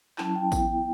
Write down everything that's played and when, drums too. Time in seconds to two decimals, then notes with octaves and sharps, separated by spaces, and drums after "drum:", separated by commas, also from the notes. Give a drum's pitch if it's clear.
0.18 F#3 C#4 E4 A5, drum: clap
0.35 G5
0.52 B3 E4 G5, drum: kick A1, tambourine